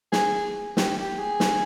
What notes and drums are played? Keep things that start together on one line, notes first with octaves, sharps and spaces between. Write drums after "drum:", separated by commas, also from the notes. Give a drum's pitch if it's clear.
G#4, drum: snare
G4, drum: snare
G4
G#4
drum: snare